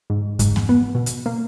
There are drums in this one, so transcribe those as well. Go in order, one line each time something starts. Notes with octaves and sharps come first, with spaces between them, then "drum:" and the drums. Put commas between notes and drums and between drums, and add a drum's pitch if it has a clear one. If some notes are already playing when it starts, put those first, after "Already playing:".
G#2
G#2, drum: kick F2, hi-hat
drum: snare A#3
B3
B2
drum: hi-hat
A#3